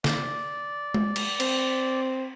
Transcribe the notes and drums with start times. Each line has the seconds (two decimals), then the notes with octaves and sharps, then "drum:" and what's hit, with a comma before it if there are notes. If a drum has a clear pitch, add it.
0.04 D5, drum: snare
0.94 drum: tom G#3
1.16 drum: cymbal
1.40 C4, drum: cymbal